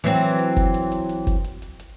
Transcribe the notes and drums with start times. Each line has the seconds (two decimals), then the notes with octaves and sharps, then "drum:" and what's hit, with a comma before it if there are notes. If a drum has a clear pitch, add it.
0.04 E3 F#3 C4, drum: hi-hat
0.21 drum: hi-hat
0.39 drum: hi-hat
0.56 drum: kick F#1, hi-hat
0.74 drum: hi-hat
0.92 drum: hi-hat
1.09 drum: hi-hat
1.27 drum: kick F#1, hi-hat
1.44 drum: hi-hat
1.62 drum: hi-hat
1.79 drum: hi-hat